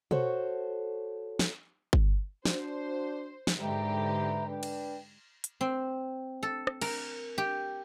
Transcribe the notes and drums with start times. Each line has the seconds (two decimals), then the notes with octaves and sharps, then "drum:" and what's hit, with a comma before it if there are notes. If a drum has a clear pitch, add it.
0.11 F#4 A4 C5 C#5, drum: tom B2
1.39 drum: snare
1.93 drum: kick G1
2.45 D4 F#4 C5, drum: snare
3.47 drum: snare
3.59 G#2 D3 G4 B4 E5 A#5
4.48 D4 B4 G5
4.63 drum: cymbal
5.44 drum: hi-hat
5.61 C4
6.43 A4
6.67 drum: rim click
6.81 A#4, drum: cymbal
7.38 G4